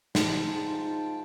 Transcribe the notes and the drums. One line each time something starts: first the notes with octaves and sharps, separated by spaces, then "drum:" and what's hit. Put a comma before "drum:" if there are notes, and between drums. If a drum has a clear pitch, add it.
G#2 F4 G5 A5, drum: snare